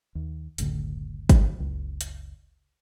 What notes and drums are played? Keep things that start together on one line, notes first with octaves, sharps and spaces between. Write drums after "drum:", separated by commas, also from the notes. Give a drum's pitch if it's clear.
D#2
F#1 C#2 A2 D3, drum: hi-hat
drum: kick, hi-hat
F#1 C#2
drum: hi-hat